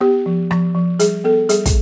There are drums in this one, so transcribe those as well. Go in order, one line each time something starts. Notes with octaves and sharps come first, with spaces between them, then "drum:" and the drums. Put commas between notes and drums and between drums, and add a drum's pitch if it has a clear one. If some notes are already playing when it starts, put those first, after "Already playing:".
B3 G4
F3
F3, drum: rim click
F3
G3 G#4, drum: hi-hat
B3 A4
G3 G#4, drum: hi-hat
drum: kick, hi-hat